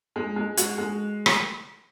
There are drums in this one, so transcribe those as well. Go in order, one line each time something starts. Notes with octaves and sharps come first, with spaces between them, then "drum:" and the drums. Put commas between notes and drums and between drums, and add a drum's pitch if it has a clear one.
G#3
G#3
F#4, drum: hi-hat
G#3
drum: rim click